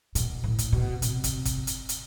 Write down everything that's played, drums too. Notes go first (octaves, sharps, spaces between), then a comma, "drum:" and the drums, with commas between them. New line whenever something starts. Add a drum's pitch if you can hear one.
B2, drum: hi-hat
A2
drum: kick, hi-hat
B2
C3, drum: hi-hat
drum: kick, hi-hat
drum: kick, hi-hat
drum: hi-hat
drum: hi-hat